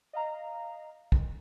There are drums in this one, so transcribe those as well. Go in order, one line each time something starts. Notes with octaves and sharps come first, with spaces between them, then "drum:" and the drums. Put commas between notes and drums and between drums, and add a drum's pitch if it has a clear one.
D#5 F5 A#5
drum: kick